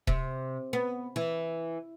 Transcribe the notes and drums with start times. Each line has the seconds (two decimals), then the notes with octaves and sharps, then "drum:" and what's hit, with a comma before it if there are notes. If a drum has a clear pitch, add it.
0.07 C3, drum: kick D#1
0.73 B3
1.16 E3